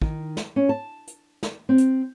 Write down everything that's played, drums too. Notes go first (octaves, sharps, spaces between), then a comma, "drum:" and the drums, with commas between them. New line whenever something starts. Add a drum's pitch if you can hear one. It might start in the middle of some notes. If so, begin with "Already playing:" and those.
D#3, drum: kick
drum: snare
C#4
A5
drum: hi-hat
drum: snare
C4
drum: hi-hat